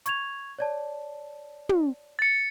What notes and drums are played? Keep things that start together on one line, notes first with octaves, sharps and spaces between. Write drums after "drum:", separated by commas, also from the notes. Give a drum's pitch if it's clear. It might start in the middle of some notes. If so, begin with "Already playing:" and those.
C#6 G#6 F7, drum: hi-hat
C#5 D5 A5
drum: tom
A6 C#7